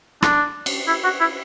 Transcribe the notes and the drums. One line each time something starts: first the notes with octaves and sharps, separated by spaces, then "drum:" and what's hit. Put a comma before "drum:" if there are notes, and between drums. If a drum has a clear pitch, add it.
D4, drum: rim click
drum: cymbal
E4
F#4
E4